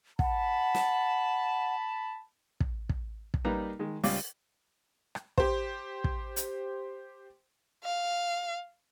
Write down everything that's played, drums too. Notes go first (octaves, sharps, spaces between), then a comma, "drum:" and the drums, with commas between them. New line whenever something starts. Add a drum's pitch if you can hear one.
F#5 A5 B5, drum: kick
drum: snare
drum: kick
drum: kick
drum: kick
G3 A#3 D#4 B4 A#5
D#3 G#3
C#2 G3 F5 D6, drum: open hi-hat
drum: rim click
G4 C5, drum: kick
drum: kick
drum: hi-hat
F5